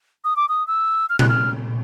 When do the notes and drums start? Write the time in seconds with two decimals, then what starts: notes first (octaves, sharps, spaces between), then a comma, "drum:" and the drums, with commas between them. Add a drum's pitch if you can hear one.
0.24 D#6
0.36 D6
0.49 D#6
0.67 E6
1.09 F6
1.19 F#6, drum: tom A#2
1.29 F6